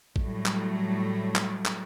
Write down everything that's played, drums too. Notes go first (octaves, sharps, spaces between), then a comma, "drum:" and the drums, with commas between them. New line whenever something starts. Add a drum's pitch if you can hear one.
A2 F#3 G3 A3, drum: kick
drum: clap
drum: clap
drum: clap